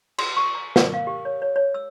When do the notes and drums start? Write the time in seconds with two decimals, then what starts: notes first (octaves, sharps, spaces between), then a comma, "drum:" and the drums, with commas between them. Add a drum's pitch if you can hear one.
0.18 C6, drum: cymbal
0.36 C#6
0.55 A#5
0.76 A#4, drum: snare
0.94 F5
1.07 G4
1.25 C#5
1.42 C#5
1.56 C#5
1.74 E6